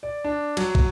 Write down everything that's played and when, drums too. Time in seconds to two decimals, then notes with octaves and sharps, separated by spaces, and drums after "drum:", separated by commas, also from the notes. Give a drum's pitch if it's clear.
0.03 D5
0.24 D4
0.57 F#3, drum: cymbal
0.75 drum: kick